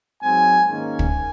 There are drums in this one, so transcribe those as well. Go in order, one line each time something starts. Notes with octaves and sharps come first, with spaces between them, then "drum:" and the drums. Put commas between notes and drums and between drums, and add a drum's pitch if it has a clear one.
G#2 F#3 C4 G#5
G#2 D#3 A#3 C#4 G#5
drum: kick